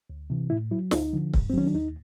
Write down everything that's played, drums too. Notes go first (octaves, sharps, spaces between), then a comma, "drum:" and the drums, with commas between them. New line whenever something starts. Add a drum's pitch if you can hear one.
D2
C3 E3
A2 E4
F#3 E4
D2 D#4, drum: snare
D3 F3
G2, drum: kick C#1
C4
D#3 F#3 C#4
D4
D#2 D#4